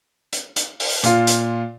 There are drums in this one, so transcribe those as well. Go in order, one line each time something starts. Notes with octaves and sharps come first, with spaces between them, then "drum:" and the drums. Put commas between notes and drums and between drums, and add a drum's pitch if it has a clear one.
drum: hi-hat
drum: hi-hat
drum: open hi-hat
A#2 F4, drum: hi-hat
drum: hi-hat